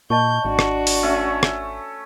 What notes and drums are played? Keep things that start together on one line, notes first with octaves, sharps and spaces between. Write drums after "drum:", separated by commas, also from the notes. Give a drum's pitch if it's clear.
A#2 D#5 A5 C#6 G6
G#1 D4 F#4
drum: rim click
drum: open hi-hat
A3 C#4
drum: rim click